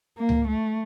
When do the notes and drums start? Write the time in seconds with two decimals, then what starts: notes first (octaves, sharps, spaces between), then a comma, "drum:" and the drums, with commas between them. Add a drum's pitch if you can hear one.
0.18 A#3
0.29 drum: tom C#2
0.48 A3